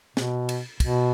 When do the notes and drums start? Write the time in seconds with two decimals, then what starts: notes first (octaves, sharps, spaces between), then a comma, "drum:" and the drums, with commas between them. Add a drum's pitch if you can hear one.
0.17 B2, drum: snare
0.49 drum: cymbal
0.80 B2, drum: kick, cymbal